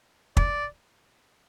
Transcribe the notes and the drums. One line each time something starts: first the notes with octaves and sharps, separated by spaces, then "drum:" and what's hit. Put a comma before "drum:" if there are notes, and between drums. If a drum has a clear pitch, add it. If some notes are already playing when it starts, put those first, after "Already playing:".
D5, drum: kick